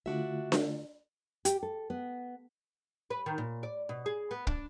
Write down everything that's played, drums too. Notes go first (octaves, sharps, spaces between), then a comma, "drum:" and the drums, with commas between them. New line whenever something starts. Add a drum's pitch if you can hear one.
D3 A3 D4 F4 F#4 E5
drum: snare D4
G4, drum: hi-hat
A4
B3
B4
D#3
A#2
D5
B2
G#4
B3
D4, drum: kick